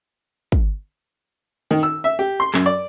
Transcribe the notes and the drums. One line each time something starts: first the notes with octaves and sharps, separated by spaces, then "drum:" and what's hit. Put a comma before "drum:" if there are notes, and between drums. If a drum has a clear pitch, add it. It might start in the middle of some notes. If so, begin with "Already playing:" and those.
drum: kick
D#3
E6
E5
G4
C6
F#2, drum: clap
D5